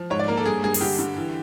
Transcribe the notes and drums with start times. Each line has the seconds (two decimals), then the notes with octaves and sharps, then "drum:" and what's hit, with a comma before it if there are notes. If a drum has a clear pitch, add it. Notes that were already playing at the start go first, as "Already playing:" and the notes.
Already playing: F3
0.10 G#2 C#5
0.19 D5
0.28 A#3 A#4
0.37 A4
0.45 G2 G#4
0.63 G2 G#4
0.74 G#4, drum: open hi-hat
0.81 D3 G4
0.99 D3
1.16 E3